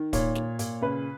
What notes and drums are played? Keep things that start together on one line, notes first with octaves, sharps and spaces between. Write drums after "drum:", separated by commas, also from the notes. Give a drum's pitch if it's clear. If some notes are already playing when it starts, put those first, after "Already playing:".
Already playing: D#3
A#2 C#5, drum: kick, hi-hat
A#2, drum: snare
A#2, drum: hi-hat
C#3 B4